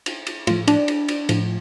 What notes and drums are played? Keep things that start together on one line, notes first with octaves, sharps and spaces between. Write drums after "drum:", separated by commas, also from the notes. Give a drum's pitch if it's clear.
drum: cymbal
drum: cymbal
A2 F3 F4, drum: cymbal
D4, drum: cymbal
drum: cymbal
drum: cymbal
A2 F3, drum: cymbal